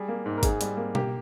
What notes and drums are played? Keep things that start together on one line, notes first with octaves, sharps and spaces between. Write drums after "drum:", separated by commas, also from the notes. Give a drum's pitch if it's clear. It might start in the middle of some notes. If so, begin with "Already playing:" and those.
Already playing: G3 G#4
A#3
G#2
A#4
G#2 G#4, drum: kick, hi-hat
G3, drum: hi-hat
A#3
A#3 G4, drum: tom B2